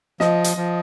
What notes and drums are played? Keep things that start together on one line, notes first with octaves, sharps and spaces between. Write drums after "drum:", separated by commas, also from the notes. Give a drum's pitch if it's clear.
F3 D#5, drum: snare
drum: hi-hat
F3